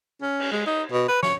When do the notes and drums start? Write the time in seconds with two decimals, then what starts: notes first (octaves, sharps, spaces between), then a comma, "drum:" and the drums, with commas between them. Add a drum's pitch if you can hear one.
0.22 C#4
0.39 drum: cymbal
0.52 G#3
0.67 D#4
0.92 B2
1.08 B4
1.23 C#5, drum: snare